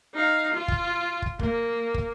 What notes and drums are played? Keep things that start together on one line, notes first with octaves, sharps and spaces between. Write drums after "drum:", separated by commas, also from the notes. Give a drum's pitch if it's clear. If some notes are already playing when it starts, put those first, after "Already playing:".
D#4 F5
F4
drum: kick
drum: kick
A#3, drum: kick
drum: kick